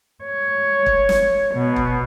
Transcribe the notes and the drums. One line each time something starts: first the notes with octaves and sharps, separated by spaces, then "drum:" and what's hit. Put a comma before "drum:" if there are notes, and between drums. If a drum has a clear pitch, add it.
C#5
drum: kick
drum: snare
B2
drum: kick